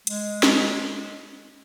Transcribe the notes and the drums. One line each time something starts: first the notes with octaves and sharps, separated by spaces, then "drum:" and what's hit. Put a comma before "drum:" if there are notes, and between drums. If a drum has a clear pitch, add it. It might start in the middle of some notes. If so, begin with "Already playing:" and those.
G#3, drum: hi-hat
G#3, drum: snare